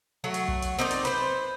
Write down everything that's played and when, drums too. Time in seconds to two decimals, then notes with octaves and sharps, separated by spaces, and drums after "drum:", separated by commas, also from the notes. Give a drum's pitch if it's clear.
0.24 F#3 A3 F#5
0.34 drum: hi-hat
0.48 drum: kick
0.62 drum: hi-hat
0.79 C4 D#4 A#4 D5
0.91 drum: hi-hat
1.05 B4 C5, drum: hi-hat